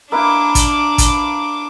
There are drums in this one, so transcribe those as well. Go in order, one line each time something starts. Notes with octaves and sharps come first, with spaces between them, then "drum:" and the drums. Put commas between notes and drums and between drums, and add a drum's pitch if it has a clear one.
A#3 D4 E4 B4 D6
drum: kick, hi-hat
drum: kick, hi-hat